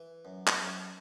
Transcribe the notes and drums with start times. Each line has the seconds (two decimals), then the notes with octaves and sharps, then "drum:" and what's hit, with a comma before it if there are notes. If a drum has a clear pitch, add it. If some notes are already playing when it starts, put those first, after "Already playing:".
Already playing: E3
0.25 F#2
0.47 drum: clap
0.59 F#2